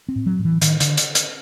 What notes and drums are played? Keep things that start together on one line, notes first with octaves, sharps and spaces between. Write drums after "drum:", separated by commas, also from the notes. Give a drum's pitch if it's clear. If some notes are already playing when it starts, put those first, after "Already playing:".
C4
A2
F#3
A2
E3
A2 D#3, drum: hi-hat
D3, drum: hi-hat
drum: hi-hat
drum: hi-hat